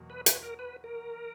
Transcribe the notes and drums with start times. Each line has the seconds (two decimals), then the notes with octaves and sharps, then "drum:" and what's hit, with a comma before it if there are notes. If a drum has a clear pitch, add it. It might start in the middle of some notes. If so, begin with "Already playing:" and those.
Already playing: E2 B2 F#3 A#3
0.10 B4
0.26 B4, drum: hi-hat
0.43 A#4
0.59 B4
0.84 A#4